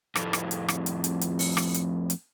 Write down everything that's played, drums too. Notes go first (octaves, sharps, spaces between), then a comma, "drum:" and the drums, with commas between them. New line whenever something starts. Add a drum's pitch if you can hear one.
F2 A2, drum: rim click
drum: rim click
drum: hi-hat
drum: rim click
drum: hi-hat
drum: hi-hat
drum: hi-hat
drum: open hi-hat
drum: rim click
drum: hi-hat
drum: hi-hat